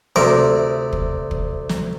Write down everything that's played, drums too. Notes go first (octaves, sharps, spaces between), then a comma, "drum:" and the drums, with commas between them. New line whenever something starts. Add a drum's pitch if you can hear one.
D2 C3 A#4, drum: snare
drum: kick
drum: kick
drum: snare